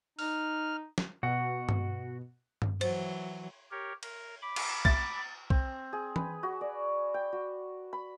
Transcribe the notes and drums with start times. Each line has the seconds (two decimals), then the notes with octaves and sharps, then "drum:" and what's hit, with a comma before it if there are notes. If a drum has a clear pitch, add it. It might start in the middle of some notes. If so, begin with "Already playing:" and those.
0.19 D#4 F6, drum: open hi-hat
0.98 drum: snare
1.23 B2 F#4 F#5
1.69 drum: tom G2
2.62 drum: tom G2
2.81 E3 F#3 C5, drum: cymbal
3.71 G4 A#4 C#5
4.03 A#4, drum: cymbal
4.42 B5 D6
4.56 drum: cymbal
4.85 A6, drum: kick
5.50 C4, drum: kick
5.93 G#4
6.16 B4, drum: tom E3
6.43 F#4
6.61 D5
7.14 G5
7.33 F#4
7.93 B5